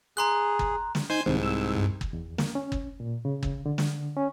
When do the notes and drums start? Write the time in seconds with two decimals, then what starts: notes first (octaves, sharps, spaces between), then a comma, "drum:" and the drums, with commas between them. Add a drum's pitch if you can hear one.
0.17 G#4 A#5 C6 F#6
0.59 drum: kick
0.95 drum: snare
1.10 D#4 C5 G#5 G6
1.26 C2 G#2 D#3 C4
1.43 E6
1.75 G2
2.01 drum: kick
2.13 E2
2.38 A#3, drum: snare
2.55 C#4
2.72 drum: kick
3.00 A#2
3.25 C#3
3.43 drum: kick
3.66 D3
3.78 drum: snare
4.17 C#4